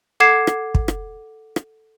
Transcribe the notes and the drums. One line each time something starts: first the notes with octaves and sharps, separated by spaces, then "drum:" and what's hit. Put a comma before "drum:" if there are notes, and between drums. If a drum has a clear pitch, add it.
A4 F#5 D6 G#6 C7 E7
drum: rim click
drum: kick
drum: rim click
drum: rim click